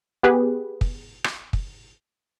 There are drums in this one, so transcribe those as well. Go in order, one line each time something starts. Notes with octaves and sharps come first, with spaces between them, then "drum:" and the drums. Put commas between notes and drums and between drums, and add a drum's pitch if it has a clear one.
B3 G4 G#4 B4
drum: kick
drum: rim click
drum: kick